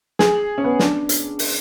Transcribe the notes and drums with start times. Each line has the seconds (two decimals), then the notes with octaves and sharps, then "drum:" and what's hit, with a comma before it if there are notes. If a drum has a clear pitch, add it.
0.19 G#4, drum: snare
0.58 C#4
0.64 B3
0.79 D4, drum: snare
1.09 drum: hi-hat
1.39 drum: open hi-hat